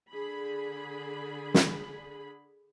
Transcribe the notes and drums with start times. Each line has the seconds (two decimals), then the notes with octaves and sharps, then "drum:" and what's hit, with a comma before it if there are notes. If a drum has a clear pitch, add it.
0.10 D3 G#4 B5
1.54 drum: snare